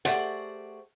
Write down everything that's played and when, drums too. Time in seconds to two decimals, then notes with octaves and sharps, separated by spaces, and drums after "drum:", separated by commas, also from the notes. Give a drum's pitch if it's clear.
0.05 A3 G4 G#4 C5 D5 F#5, drum: hi-hat